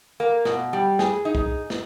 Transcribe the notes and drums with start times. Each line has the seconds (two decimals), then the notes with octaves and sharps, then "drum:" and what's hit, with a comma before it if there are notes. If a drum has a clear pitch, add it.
0.20 A#3
0.45 B2, drum: snare
0.73 G3
0.99 G#4, drum: snare
1.25 D#4
1.35 drum: kick
1.70 drum: snare